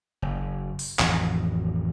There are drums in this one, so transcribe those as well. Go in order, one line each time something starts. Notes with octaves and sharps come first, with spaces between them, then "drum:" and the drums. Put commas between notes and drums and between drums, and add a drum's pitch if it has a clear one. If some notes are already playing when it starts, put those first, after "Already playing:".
F#1
drum: open hi-hat
A1 F2 D#3, drum: clap